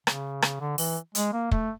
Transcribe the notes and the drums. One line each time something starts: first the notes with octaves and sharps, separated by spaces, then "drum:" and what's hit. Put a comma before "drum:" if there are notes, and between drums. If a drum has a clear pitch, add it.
C#3, drum: rim click
drum: rim click
D3
E3, drum: open hi-hat
G#3, drum: hi-hat
A#3
A3, drum: kick